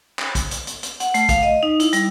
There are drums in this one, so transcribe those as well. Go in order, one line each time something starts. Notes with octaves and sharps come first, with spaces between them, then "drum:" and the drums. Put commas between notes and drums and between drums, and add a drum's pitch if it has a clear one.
drum: clap
drum: kick, hi-hat
drum: hi-hat
drum: hi-hat
drum: hi-hat
F#5, drum: hi-hat
A3, drum: hi-hat
F5, drum: kick, hi-hat
D#5
D#4
E4, drum: hi-hat
G3, drum: hi-hat